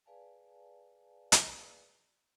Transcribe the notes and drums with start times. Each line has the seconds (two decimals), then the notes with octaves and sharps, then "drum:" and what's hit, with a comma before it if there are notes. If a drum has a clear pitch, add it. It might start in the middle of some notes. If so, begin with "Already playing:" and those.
0.06 G#4 B4 D5 F5 G#5 A5
1.32 drum: hi-hat